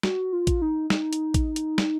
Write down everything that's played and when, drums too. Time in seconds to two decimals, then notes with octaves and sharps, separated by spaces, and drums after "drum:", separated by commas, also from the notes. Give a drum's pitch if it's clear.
0.03 F#4, drum: snare
0.33 F4
0.47 drum: kick, hi-hat
0.62 D#4
0.90 D#4, drum: snare
1.13 drum: hi-hat
1.34 drum: kick, hi-hat
1.56 drum: hi-hat
1.78 drum: snare